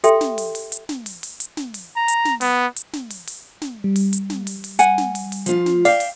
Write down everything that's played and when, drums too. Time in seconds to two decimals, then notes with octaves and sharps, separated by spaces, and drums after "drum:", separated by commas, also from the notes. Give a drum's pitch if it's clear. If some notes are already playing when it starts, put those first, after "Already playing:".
0.04 G4 A4 E5 G5 C6, drum: hi-hat
0.21 drum: snare
0.38 drum: open hi-hat
0.55 drum: open hi-hat
0.72 drum: hi-hat
0.89 drum: snare
1.06 drum: open hi-hat
1.23 drum: open hi-hat
1.40 drum: hi-hat
1.57 drum: snare
1.74 drum: open hi-hat
1.96 A#5
2.08 drum: hi-hat
2.25 drum: snare
2.41 B3, drum: open hi-hat
2.76 drum: hi-hat
2.93 drum: snare
3.10 drum: open hi-hat
3.27 drum: open hi-hat
3.62 drum: snare
3.84 G3
3.96 drum: open hi-hat
4.13 drum: hi-hat
4.30 drum: snare
4.47 drum: open hi-hat
4.64 drum: open hi-hat
4.79 F#5 G#5, drum: hi-hat
4.98 drum: snare
5.15 drum: open hi-hat
5.32 drum: open hi-hat
5.46 F3 F4, drum: hi-hat
5.66 drum: snare
5.85 D5 E5 F5 G5, drum: open hi-hat
6.00 drum: open hi-hat